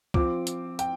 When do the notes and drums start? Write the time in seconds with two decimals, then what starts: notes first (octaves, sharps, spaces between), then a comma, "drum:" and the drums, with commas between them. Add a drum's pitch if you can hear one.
0.14 F3 C4 F4 D6, drum: kick
0.47 drum: hi-hat
0.79 G5, drum: hi-hat